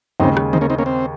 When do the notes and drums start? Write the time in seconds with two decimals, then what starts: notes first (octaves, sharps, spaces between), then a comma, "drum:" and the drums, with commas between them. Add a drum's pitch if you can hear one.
0.20 D#2 C#3 G#3 C4 D#4
0.37 drum: rim click
0.53 C4 D#4, drum: tom C#3
0.61 A#3 C#4
0.70 C4 D#4
0.78 A#3 C#4
0.86 C4